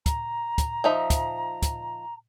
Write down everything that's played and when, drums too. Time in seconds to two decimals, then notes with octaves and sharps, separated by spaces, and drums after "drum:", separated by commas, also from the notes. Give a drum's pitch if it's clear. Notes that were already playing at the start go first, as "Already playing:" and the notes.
0.06 A#5, drum: kick, hi-hat
0.58 drum: kick, hi-hat
0.84 F3 D#4 E5
1.10 drum: kick, hi-hat
1.62 drum: kick, hi-hat